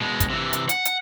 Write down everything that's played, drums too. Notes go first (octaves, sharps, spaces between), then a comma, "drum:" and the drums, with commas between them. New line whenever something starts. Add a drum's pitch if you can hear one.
B2 G#3
drum: kick, hi-hat
C3 E3
drum: hi-hat
F#5, drum: hi-hat
drum: hi-hat